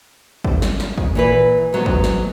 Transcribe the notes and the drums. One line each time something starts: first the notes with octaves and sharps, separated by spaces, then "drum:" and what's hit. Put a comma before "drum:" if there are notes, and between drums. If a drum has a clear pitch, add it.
drum: kick
drum: snare
drum: snare
drum: kick
A#2 E3 B4
G#2 F#3 A3 B3
drum: kick
drum: snare